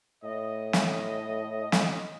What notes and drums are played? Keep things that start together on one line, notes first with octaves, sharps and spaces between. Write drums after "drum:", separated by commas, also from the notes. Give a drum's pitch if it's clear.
A2 D#5
drum: snare
drum: snare